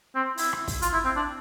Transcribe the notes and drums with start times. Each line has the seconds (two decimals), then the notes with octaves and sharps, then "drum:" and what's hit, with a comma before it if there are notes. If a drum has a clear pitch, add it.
0.15 C4
0.38 E4, drum: open hi-hat
0.53 drum: rim click
0.68 drum: kick, open hi-hat
0.82 F4, drum: hi-hat
0.94 E4
1.05 C4
1.16 D4